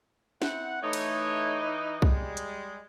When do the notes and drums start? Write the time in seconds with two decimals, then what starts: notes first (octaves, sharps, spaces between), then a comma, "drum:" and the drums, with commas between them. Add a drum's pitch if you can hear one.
0.42 C4 E4 F#5, drum: snare
0.83 E3 A3 D#4 C#5
0.93 drum: cymbal
2.02 G3 G#3, drum: kick B1
2.37 drum: hi-hat